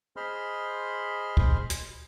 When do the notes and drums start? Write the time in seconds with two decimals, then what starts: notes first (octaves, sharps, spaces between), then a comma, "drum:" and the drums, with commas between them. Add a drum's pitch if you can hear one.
0.16 G#4 C5 D#5 B5 C6 F6
1.37 drum: kick
1.70 drum: hi-hat